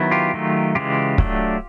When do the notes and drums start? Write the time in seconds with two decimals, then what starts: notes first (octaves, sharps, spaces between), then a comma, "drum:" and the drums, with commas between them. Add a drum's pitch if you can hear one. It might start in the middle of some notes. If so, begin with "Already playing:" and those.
Already playing: D#3 F#3 B3 E4
0.11 F4 G4
0.34 D#3 F#3 A3
0.75 C#3 E3 G#3 F4 G4
1.18 F#3 A3 D4, drum: kick